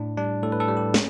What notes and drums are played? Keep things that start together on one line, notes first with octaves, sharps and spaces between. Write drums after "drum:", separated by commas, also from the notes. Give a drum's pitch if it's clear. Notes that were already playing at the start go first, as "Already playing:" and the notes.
Already playing: A2 D4
G3 D4
A2 A4
B4
A4
G3
G4
C#4, drum: snare